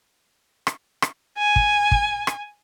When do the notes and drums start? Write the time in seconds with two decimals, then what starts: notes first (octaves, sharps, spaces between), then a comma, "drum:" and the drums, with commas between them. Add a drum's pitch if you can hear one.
0.67 drum: rim click
1.02 drum: rim click
1.38 G#5
1.56 drum: kick
1.91 drum: kick
2.27 drum: rim click